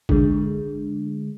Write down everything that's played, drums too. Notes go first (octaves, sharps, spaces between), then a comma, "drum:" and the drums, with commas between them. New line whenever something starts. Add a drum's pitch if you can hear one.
D3 G#3, drum: kick